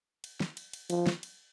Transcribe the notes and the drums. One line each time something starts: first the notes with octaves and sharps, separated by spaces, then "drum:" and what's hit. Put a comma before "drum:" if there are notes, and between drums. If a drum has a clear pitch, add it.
drum: cymbal
drum: snare
drum: cymbal
drum: cymbal
F3, drum: cymbal
drum: snare
drum: cymbal